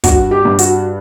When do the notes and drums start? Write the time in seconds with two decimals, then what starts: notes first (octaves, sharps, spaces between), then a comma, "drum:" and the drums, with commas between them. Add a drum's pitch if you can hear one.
0.04 G2 F#4, drum: kick, hi-hat
0.31 G4
0.45 G2
0.59 F#4, drum: hi-hat